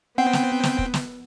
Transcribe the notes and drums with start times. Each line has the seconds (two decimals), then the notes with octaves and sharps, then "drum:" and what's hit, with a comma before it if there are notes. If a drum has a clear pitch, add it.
0.18 B3 C4 F#5 G5
0.33 drum: snare
0.63 drum: snare
0.79 drum: kick
0.94 drum: snare